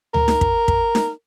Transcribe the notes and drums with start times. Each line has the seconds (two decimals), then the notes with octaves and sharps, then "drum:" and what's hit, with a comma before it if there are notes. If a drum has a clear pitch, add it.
0.14 A#4, drum: tom D2
0.28 drum: snare D#4
0.41 drum: kick
0.68 drum: kick
0.95 drum: snare D#4